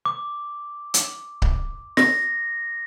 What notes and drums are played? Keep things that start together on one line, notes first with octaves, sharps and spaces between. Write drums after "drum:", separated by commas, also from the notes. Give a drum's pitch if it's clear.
D6
drum: hi-hat
drum: kick C#1
A#6, drum: snare